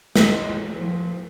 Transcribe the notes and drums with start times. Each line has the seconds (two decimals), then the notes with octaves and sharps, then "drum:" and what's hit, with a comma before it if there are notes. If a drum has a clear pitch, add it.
0.16 G#3, drum: snare
0.75 F3